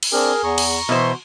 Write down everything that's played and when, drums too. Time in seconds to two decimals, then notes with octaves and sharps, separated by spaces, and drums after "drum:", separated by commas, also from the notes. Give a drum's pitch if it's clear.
0.03 drum: cymbal
0.13 C4 D4 G#4 A#4
0.44 E2 A#5 C#6
0.58 drum: cymbal
0.89 B2 E3 E4 F#4 C5